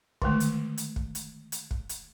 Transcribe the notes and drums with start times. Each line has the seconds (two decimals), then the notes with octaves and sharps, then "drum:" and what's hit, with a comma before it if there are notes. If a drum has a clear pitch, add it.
0.22 D3 D#3 G#3 A3, drum: kick
0.40 drum: hi-hat
0.78 drum: hi-hat
0.96 drum: kick
1.15 drum: hi-hat
1.52 drum: hi-hat
1.71 drum: kick
1.89 drum: hi-hat